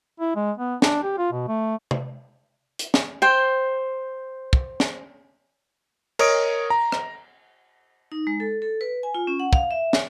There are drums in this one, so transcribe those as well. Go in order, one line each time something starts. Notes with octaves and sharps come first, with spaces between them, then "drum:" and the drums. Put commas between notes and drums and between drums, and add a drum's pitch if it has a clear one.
E4
G#3
B3
D4, drum: snare
G4
F4
B2
A3
drum: tom
drum: hi-hat
drum: snare
C5 G5
drum: kick
drum: snare
A#4 C#5 D#5 D#6 D7, drum: cymbal
A#5
drum: rim click
D#4
G#3
A4
A4
B4
G#5
F4
C#4
F#5
F5, drum: kick
E5
C#5, drum: snare